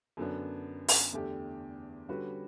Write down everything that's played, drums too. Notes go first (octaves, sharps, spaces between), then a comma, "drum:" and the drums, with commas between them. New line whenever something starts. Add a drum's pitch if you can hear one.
F#2 D3 F#3 B3 D4
drum: open hi-hat
E2 D3 A3 D4 G4
D3 G3 C#4 F#4 B4